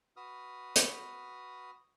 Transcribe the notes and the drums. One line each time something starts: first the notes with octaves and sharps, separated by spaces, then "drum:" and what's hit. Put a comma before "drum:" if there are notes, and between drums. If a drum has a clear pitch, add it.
F#4 B4 D#6 F6
drum: hi-hat